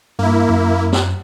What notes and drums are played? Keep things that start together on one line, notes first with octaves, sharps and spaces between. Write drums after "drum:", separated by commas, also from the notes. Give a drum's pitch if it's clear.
G2 A#3 E4
F#2
drum: snare